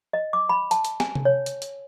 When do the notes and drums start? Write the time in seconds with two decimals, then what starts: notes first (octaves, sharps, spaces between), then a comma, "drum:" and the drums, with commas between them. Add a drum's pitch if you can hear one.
0.13 D#5
0.33 D6
0.49 B5
0.71 A5, drum: hi-hat
0.85 drum: hi-hat
1.00 G#5, drum: snare
1.15 drum: tom C3
1.25 C#5
1.46 drum: hi-hat
1.62 drum: hi-hat